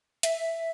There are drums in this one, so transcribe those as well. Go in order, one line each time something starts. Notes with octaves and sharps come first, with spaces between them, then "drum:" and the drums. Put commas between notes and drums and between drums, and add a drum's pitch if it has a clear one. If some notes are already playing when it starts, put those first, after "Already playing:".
E5, drum: hi-hat